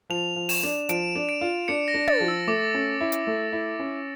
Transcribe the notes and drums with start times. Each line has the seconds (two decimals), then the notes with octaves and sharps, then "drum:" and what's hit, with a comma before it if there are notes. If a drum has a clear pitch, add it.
0.10 F3 F7
0.36 F3
0.49 E7, drum: open hi-hat
0.63 D4
0.89 F3 D7, drum: hi-hat
1.16 D4
1.29 D7
1.41 F4
1.68 D4 C#7
1.88 A#6
1.94 D4
2.08 A6, drum: tom
2.20 F3
2.28 E6
2.47 A3 D6
2.74 C#4
3.01 E4
3.12 drum: hi-hat
3.27 A3
3.53 E4
3.80 C#4